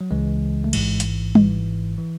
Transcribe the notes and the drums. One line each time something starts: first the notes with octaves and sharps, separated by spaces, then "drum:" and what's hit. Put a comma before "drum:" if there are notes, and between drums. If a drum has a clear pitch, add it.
F#3
C#2 C#3 E3 G#3
A3
A1 G#2 E3 G#3, drum: cymbal
drum: hi-hat
G#1 G#2 E3, drum: tom G3
E3